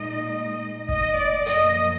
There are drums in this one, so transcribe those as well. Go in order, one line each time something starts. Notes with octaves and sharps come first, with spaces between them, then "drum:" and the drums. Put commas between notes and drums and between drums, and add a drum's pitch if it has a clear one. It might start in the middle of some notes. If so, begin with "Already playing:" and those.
Already playing: A#2 G#3 D#4 D#5
D#5, drum: kick
D5
F#2 F3 A#3 D#5, drum: hi-hat